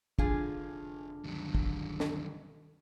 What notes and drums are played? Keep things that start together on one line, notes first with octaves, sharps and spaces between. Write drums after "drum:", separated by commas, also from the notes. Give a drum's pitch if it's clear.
F1 D3 D4 F4 G#4, drum: kick
D2 G2 D#3 F#3
drum: kick
drum: snare